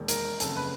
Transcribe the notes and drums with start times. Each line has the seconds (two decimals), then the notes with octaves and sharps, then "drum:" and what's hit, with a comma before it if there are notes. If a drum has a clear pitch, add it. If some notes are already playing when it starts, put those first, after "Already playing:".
Already playing: E1 D#2 D#3
0.08 A#4, drum: hi-hat
0.40 F#1 F2 C#3 A4, drum: hi-hat
0.57 B4